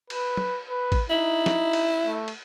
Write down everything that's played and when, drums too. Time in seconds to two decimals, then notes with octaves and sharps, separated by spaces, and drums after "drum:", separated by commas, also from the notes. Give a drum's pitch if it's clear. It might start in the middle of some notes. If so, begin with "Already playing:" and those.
0.10 B4, drum: cymbal
0.37 drum: tom
0.69 B4
0.92 drum: kick, cymbal
1.10 D#4 E4
1.46 drum: snare
1.73 drum: cymbal
2.06 A3
2.28 drum: cymbal